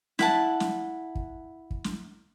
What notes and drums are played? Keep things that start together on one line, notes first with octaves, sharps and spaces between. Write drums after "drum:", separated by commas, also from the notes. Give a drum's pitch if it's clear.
E4 F#5 A5, drum: snare
drum: snare
drum: kick
drum: kick
drum: snare